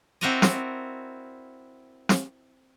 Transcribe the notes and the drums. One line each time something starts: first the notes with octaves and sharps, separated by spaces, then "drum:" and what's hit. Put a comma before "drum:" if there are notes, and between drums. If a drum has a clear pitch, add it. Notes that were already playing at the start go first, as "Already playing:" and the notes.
C4 E4 F#4 A#4 D5 D#5
drum: snare
drum: snare